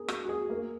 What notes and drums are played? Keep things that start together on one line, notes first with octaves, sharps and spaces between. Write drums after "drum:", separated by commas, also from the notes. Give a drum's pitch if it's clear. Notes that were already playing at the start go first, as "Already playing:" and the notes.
Already playing: G#4 A#4
F#4, drum: rim click
F#4
G#4
A#3